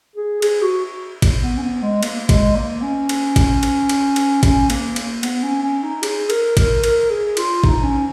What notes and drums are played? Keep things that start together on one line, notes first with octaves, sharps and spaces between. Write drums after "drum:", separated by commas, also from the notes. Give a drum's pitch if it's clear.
G#4
G#4, drum: cymbal
F#4
drum: kick G#1, cymbal
B3
C#4
B3
G#3
A#3, drum: cymbal
A#3
G#3, drum: kick G#1, cymbal
A#3
C#4
drum: cymbal
drum: kick G#1, cymbal
drum: cymbal
drum: cymbal
drum: cymbal
C#4, drum: kick G#1, cymbal
A#3, drum: cymbal
A#3, drum: cymbal
B3, drum: cymbal
C#4
C#4
D#4
G#4, drum: cymbal
A#4, drum: cymbal
A#4, drum: kick G#1, cymbal
A#4, drum: cymbal
G#4
F4, drum: cymbal
D#4, drum: kick G#1
C#4